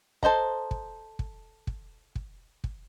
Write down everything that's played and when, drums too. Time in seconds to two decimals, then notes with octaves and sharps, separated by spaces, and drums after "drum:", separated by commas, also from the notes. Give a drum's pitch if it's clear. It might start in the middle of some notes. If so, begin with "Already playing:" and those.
0.23 A4 C5 D#5 A#5, drum: kick
0.71 drum: kick
1.19 drum: kick
1.67 drum: kick
2.15 drum: kick
2.64 drum: kick